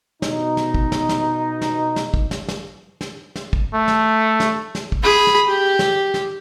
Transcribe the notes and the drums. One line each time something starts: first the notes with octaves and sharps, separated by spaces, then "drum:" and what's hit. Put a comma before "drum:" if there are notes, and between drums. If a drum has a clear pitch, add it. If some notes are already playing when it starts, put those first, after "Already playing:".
B2 D#4, drum: snare
drum: snare
drum: kick
drum: snare
drum: snare
drum: snare
drum: snare
drum: kick
drum: snare
drum: snare
drum: snare
drum: snare
drum: kick
A3
drum: snare
drum: snare
drum: snare
drum: kick
G#4 B5
drum: snare
G4
drum: snare
drum: snare